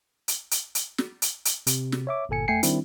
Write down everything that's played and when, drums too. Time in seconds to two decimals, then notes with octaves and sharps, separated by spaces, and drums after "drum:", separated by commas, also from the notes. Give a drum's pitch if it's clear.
0.28 drum: hi-hat
0.51 drum: hi-hat
0.75 drum: hi-hat
0.98 drum: snare
1.22 drum: hi-hat
1.45 drum: hi-hat
1.67 C3, drum: hi-hat
1.92 drum: snare
2.07 C#5 E5 D6
2.29 G1 A#2 A4 G#5 C#7
2.48 F2 A3 G5 G#5 C7 C#7
2.63 D#3 G3 C4 D4 E4, drum: hi-hat